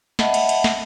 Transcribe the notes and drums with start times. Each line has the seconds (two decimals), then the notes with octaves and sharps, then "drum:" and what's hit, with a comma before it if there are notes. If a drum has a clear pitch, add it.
0.19 D#5 E5 F#5 A5 B5, drum: snare
0.34 drum: cymbal
0.49 drum: cymbal
0.64 drum: snare